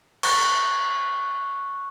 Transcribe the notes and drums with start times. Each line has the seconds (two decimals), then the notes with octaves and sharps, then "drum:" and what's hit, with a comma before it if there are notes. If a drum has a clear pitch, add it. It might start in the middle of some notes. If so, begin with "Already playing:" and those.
0.23 C#6 F#6, drum: cymbal